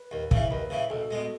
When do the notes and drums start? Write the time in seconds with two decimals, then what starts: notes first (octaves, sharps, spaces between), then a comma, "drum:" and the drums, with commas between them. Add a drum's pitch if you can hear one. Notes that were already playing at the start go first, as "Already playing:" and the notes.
Already playing: B4
0.11 D#2
0.31 C#3 E3, drum: kick
0.51 D#2 B4
0.70 C#3 E3
0.90 B1 A4
1.11 B2 G#3